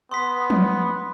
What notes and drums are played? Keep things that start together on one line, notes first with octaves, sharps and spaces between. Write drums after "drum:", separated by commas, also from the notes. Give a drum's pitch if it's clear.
B3 C6 D#6 B6
drum: tom F3